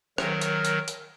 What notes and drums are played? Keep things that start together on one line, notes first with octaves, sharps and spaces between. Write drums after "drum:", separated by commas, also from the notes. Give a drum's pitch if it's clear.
D#3 F#3 A#4, drum: rim click
drum: hi-hat
drum: hi-hat
drum: hi-hat